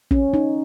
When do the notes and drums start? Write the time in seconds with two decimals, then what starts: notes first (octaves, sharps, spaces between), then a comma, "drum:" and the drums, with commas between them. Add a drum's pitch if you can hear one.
0.11 C#4, drum: kick
0.34 D#4